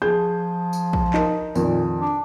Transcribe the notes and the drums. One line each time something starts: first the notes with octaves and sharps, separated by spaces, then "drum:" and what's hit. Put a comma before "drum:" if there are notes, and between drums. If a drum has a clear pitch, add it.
F3 G#4 G6
drum: tambourine
drum: kick
D#4 A#4, drum: clap
F2 A#2 D#3, drum: tambourine
D4